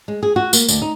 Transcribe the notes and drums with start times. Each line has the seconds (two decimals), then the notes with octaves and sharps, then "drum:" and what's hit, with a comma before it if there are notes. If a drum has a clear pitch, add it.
0.08 G#3
0.23 G#4
0.36 F#4
0.53 A#3, drum: tambourine
0.68 D2, drum: tambourine
0.82 D#4